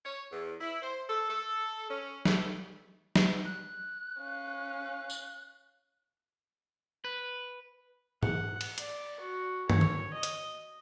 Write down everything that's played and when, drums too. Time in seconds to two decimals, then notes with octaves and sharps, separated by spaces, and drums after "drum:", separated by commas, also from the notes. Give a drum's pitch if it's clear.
0.05 C#5
0.32 E2
0.61 E4
0.82 C5
1.09 A4
1.29 A4
1.89 C#4
2.25 A3, drum: snare
3.16 drum: snare
3.44 F#6
4.20 C#4 F5
5.10 drum: tambourine
7.04 B4
8.23 F#5, drum: tom G#2
8.61 drum: cymbal
8.78 D5, drum: hi-hat
9.20 F#4
9.70 C#5, drum: tom
9.81 drum: tom D3
10.13 D#5
10.23 drum: hi-hat